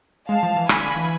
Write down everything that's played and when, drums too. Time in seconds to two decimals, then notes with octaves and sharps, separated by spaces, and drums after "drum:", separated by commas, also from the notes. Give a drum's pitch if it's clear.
0.29 G#3 F5 A5
0.43 F3
0.56 E3
0.69 D3 G#5 B5, drum: rim click
0.83 D3
0.96 E3